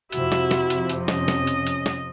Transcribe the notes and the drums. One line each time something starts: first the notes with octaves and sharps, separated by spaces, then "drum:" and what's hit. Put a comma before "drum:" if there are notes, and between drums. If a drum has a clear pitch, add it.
F2 C3 F3 E4 F#4, drum: hi-hat
drum: snare
drum: snare
drum: hi-hat
drum: hi-hat
C#4 D#5, drum: snare
drum: snare
drum: hi-hat
drum: hi-hat
drum: snare